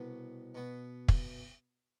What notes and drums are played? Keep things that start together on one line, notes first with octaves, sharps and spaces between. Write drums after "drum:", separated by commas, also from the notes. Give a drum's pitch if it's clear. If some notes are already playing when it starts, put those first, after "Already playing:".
Already playing: C2 B2 B3
B2 B3
drum: kick